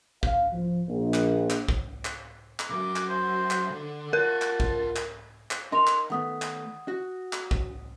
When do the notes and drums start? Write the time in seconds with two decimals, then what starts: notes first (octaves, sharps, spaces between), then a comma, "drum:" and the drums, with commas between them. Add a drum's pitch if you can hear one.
0.23 F5, drum: kick
0.52 F3
0.89 A#1
1.14 drum: clap
1.50 drum: clap
1.69 drum: kick
2.05 drum: clap
2.60 drum: clap
2.70 C#2 F#2 D6
2.96 drum: clap
3.09 C5
3.51 drum: clap
3.71 D3
4.13 F4 A#4 F#5 A5
4.42 drum: clap
4.60 drum: kick
4.96 drum: clap
5.51 drum: clap
5.72 D#4 A#4 C6 F7
5.87 drum: clap
6.10 D#3 A3 B3 F#5 D#6
6.42 drum: clap
6.88 F#4
7.33 drum: clap
7.51 drum: kick